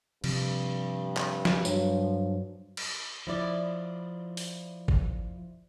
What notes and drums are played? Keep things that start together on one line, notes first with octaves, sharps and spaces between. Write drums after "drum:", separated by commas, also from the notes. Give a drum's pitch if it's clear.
G2 C3 F3, drum: cymbal
drum: clap
drum: snare
G2 F3 F#3, drum: tambourine
drum: cymbal
F3 E4 D5
drum: open hi-hat
drum: kick G#1